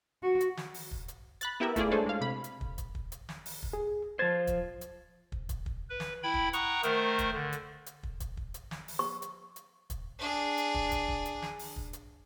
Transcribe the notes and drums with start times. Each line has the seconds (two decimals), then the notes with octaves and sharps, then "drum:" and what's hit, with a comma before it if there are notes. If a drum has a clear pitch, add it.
0.23 F#4
0.40 drum: hi-hat
0.57 drum: snare
0.74 drum: open hi-hat
0.91 drum: kick
1.08 drum: hi-hat
1.41 B5 F#6 A6, drum: hi-hat
1.60 B3 E4 G4 A#4 E5
1.76 A3 E4 F4 G#4 D5, drum: kick, hi-hat
1.91 G#3 D4 A4 C5 C#5 G#5
2.06 G#3 F5
2.21 C3 B5
2.44 drum: hi-hat
2.61 drum: kick
2.78 drum: kick, hi-hat
2.95 drum: kick
3.12 drum: hi-hat
3.29 drum: snare
3.46 drum: open hi-hat
3.63 drum: kick
3.73 G#4
4.19 F3 C5 G#6 A6
4.47 drum: kick, hi-hat
4.81 drum: hi-hat
5.32 drum: kick
5.49 drum: kick, hi-hat
5.66 drum: kick
5.90 B4
6.00 drum: snare
6.23 E4 G5 B5 G#6
6.34 drum: kick
6.53 F#5 G5 A#5 C#6 D#6 F#6, drum: hi-hat
6.83 D#3 A3 A#4 C5, drum: hi-hat
7.19 drum: kick, hi-hat
7.33 D3
7.52 drum: hi-hat
7.86 drum: hi-hat
8.03 drum: kick
8.20 drum: kick, hi-hat
8.37 drum: kick
8.54 drum: hi-hat
8.71 drum: snare
8.88 drum: open hi-hat
8.99 C#6
9.22 drum: hi-hat
9.56 drum: hi-hat
9.90 drum: kick, hi-hat
10.19 D4 G#4
10.58 drum: hi-hat
10.75 drum: kick
10.91 drum: kick, hi-hat
11.08 drum: kick
11.25 drum: hi-hat
11.42 drum: snare
11.59 drum: open hi-hat
11.76 drum: kick
11.93 drum: hi-hat